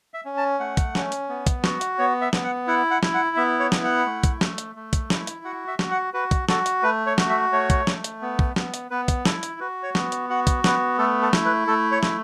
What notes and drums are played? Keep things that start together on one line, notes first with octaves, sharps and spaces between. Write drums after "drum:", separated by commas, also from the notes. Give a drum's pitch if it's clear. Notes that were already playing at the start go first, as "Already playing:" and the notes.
E5
C#4
A5
A3 F#5
drum: kick, hi-hat
C#4, drum: snare
drum: hi-hat
B3
drum: kick, hi-hat
F#4, drum: snare
drum: hi-hat
B3 C#5
E5
B3, drum: snare
F#5
E4 F#5
F#5
E4, drum: snare
F#5
B3 E5
C#5
E4, drum: snare
F#5
A3
drum: kick, hi-hat
A3, drum: snare
drum: hi-hat
A3
drum: kick, hi-hat
E4, drum: snare
drum: hi-hat
F#4 F#5
E5
F#4, drum: snare
F#5
F#4 B4
drum: kick, hi-hat
F#4 A4, drum: snare
drum: hi-hat
A3 B4
C#5
F#4, drum: snare
E5
A3 C#5
drum: kick, hi-hat
A3, drum: snare
drum: hi-hat
B3
drum: kick
B3, drum: snare
drum: hi-hat
B3 B4
drum: kick, hi-hat
E4 A4, drum: snare
drum: hi-hat
F#4 B4
C#5
B3, drum: snare
drum: hi-hat
F#4 F#5
drum: kick, hi-hat
B3 B4, drum: snare
A3 A4
A4
E4, drum: snare
B4
A3 A4
C#5
A3, drum: snare